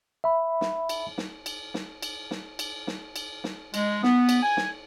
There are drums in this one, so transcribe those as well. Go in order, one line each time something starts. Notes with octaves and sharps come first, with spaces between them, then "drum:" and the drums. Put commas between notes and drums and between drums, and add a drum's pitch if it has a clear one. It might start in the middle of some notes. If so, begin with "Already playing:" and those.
E5 B5
drum: snare
drum: cymbal
drum: snare
drum: cymbal
drum: snare
drum: cymbal
drum: snare
drum: cymbal
drum: snare
drum: cymbal
drum: snare
G#3, drum: cymbal
B3, drum: snare
drum: cymbal
G#5
drum: snare